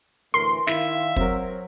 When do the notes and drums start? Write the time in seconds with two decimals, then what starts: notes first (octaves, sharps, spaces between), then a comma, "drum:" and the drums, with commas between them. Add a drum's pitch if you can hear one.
0.34 D2 A2 E3 A#4 C6
0.67 D#3 E4 E5 F5, drum: snare
1.16 F#3 C4 A#4, drum: kick